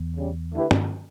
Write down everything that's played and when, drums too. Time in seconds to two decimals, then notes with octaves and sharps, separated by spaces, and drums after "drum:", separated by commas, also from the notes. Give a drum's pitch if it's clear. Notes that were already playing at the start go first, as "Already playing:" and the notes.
Already playing: E2
0.16 C#3 G3 C#4
0.52 D3 A3 E4 G4 B4
0.71 drum: tom